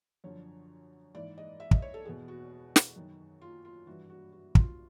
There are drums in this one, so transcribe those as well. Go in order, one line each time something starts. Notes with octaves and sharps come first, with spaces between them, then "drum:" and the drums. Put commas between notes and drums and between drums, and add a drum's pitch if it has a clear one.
F#2 D3 F3 C#5
G#2 E3 D5
D#5
E5
D#5, drum: kick
C#5
A4
E2 B2 G#4
F#4
drum: snare
F#2 D#3
F4
F4
G2 E3 F#4
F#4
F#4
F4, drum: kick